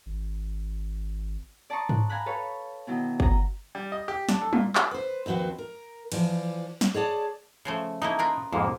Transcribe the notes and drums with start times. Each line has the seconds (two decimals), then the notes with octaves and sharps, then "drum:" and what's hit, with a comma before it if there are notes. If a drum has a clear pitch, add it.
0.06 G#1
1.70 D5 A5 A#5 C6 C#6 D#6
1.89 F#6, drum: tom G#2
2.09 F5 G#5 A#5 B5 F#6
2.26 A4 B4 C#5 F5
2.87 B2 D#3 E3 F#3
3.20 D#5 A#5, drum: kick G1
3.75 G3
3.92 D#5
4.08 G4
4.29 D4, drum: snare
4.42 A4
4.53 A#2, drum: tom G3
4.75 drum: clap
4.91 B4 C5
5.26 D#2 F3 C4 F#4 B4
5.58 A#4
6.12 E3 F3 D5, drum: cymbal
6.81 drum: snare
6.94 G#4 C#5 D5 A5
7.65 C#3 F3 A3
8.02 A3 A#3 D#4 E4
8.19 F4 A#4 B4
8.52 F2 G#2 F3 A#3